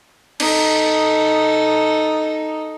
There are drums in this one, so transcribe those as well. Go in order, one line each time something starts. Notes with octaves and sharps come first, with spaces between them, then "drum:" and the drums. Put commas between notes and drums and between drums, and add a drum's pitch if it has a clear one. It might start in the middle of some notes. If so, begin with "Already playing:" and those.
D#4 A4, drum: cymbal